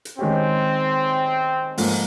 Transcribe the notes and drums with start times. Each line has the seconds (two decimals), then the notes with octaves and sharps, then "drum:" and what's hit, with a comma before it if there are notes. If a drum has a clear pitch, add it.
0.05 drum: hi-hat
0.19 D#3 G#3 C4 C#4 G4
1.78 G#2 F3 A#3, drum: open hi-hat